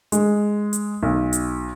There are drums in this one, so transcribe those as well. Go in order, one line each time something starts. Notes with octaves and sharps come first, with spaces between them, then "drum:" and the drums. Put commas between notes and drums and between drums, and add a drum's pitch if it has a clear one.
G#3, drum: hi-hat
drum: hi-hat
B1
drum: hi-hat